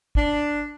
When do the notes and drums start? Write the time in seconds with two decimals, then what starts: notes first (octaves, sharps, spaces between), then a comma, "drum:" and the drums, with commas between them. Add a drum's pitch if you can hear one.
0.15 D4, drum: kick